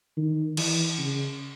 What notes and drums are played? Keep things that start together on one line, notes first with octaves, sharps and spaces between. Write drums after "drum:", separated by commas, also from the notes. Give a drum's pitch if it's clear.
D#3
E3, drum: cymbal
C#3